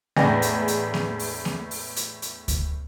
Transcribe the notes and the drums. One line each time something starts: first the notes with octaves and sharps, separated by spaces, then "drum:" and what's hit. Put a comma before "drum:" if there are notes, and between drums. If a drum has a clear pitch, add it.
E2 A2 G#3 D4 G#5 A#6, drum: snare A#3
drum: hi-hat
drum: hi-hat
drum: snare A#3
drum: open hi-hat
drum: snare A#3
drum: open hi-hat
drum: hi-hat
drum: hi-hat
drum: kick D2, hi-hat